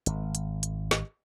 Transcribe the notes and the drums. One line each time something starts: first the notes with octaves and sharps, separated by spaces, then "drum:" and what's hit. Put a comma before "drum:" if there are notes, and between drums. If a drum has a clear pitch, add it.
G#1, drum: hi-hat
drum: hi-hat
drum: hi-hat
drum: snare